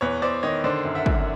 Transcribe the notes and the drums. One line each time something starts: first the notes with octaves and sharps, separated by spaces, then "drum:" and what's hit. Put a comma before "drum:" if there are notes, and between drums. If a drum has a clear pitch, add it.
E2 B4 C#5
E2 C5 D5
D#3 C#5 D#5
D3 C5 D5
F#2
E5 F#5
F#2, drum: kick